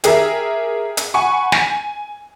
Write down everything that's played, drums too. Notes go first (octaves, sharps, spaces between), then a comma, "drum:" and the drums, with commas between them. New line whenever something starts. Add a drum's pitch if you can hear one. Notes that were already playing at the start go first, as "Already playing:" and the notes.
G4 G#4 A#4 E5, drum: hi-hat
drum: hi-hat
F#5 G#5 B5 C#6
G#5, drum: snare